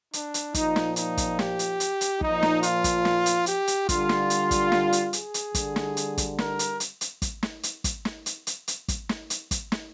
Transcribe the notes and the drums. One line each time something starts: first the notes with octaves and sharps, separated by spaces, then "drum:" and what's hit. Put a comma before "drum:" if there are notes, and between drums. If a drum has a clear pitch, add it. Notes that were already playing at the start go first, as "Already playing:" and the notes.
D4, drum: hi-hat
drum: hi-hat
A#2 F3 D#4, drum: kick, hi-hat
drum: snare
D#4, drum: hi-hat
drum: kick, hi-hat
G4, drum: snare
drum: hi-hat
drum: hi-hat
drum: hi-hat
A#2 F3 D#4, drum: kick
drum: snare
F4, drum: hi-hat
drum: kick, hi-hat
drum: snare
drum: hi-hat
G4, drum: hi-hat
drum: hi-hat
D3 G3 F4, drum: kick, hi-hat
drum: snare
drum: hi-hat
drum: kick, hi-hat
drum: snare
drum: hi-hat
G#4, drum: hi-hat
drum: hi-hat
D3 G3, drum: kick, hi-hat
drum: snare
drum: hi-hat
drum: kick, hi-hat
A#4, drum: snare
drum: hi-hat
drum: hi-hat
drum: hi-hat
drum: kick, hi-hat
drum: snare
drum: hi-hat
drum: kick, hi-hat
drum: snare
drum: hi-hat
drum: hi-hat
drum: hi-hat
drum: kick, hi-hat
drum: snare
drum: hi-hat
drum: kick, hi-hat
drum: snare